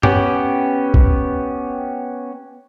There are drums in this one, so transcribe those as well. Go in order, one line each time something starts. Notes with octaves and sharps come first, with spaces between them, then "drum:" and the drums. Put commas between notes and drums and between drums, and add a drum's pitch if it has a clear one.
B3 C#4 G4, drum: tom G2
drum: kick B1